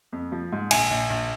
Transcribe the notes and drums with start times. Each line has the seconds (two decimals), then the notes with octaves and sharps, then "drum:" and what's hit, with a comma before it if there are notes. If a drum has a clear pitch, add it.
0.12 F2
0.32 F3
0.52 G#2
0.71 A#1 G#5, drum: cymbal
0.90 A#1
1.10 A#1